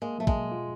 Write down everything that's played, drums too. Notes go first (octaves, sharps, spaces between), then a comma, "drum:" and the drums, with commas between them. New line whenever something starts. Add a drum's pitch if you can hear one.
G#3 A#3
F#3 A3
G#3, drum: kick
B2
F4